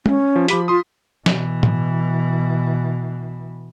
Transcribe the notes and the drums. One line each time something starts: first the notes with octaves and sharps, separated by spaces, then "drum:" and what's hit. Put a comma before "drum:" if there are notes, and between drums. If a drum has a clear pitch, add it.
C#4, drum: tom
F3
F3 G4 B5 B6, drum: hi-hat
F4 C6 D#6
B2 E3, drum: snare
drum: tom A2